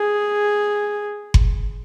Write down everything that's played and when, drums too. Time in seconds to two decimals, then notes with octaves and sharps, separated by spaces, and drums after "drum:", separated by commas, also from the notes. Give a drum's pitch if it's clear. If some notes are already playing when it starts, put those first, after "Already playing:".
Already playing: G#4
1.34 drum: kick F#1